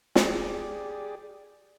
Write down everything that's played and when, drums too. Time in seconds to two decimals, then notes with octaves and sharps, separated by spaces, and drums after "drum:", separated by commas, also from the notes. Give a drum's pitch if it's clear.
0.15 G4 G#4 D5, drum: snare